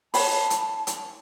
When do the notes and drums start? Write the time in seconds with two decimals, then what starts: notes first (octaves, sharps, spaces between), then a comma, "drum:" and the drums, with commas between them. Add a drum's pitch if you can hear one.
0.14 C#5 A5 B5, drum: open hi-hat
0.50 drum: hi-hat
0.87 drum: hi-hat